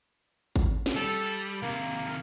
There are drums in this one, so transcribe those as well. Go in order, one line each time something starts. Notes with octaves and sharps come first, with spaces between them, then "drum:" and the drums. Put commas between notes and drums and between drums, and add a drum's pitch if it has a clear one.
drum: kick G#1
drum: snare
G3 A4
C3 D#3 A#3